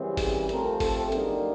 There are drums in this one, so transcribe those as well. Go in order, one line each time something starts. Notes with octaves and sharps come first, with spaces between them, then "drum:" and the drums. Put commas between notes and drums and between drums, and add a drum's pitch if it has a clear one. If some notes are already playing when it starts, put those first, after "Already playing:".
Already playing: F#2 C#3 E3 G3 C4
G#4, drum: kick G1, open hi-hat
C3 F3 A3 C4 A#4, drum: hi-hat
A4, drum: kick G1, open hi-hat
F#2 D3 G3 A#3 D#4 G#4, drum: hi-hat